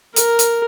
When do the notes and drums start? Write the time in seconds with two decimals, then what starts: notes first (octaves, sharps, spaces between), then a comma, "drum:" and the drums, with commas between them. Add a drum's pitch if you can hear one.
0.16 A#4, drum: hi-hat
0.39 drum: hi-hat